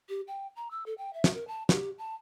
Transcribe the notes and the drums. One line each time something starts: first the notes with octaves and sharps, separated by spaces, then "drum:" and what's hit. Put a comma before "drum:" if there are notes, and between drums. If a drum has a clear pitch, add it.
G4
G5
A#5
E6
A4
G5
E5
drum: snare
A#4
A5
G4, drum: snare
A5